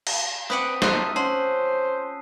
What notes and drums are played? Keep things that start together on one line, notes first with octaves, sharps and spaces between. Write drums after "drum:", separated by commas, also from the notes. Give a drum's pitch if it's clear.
drum: cymbal
C4 B4 D5 F#5 D#6 B6 D#7
D#4 F4 C5 E5 A5 E6 F#6 D#7, drum: snare
C#4 C5 F#5 A5 C6 C7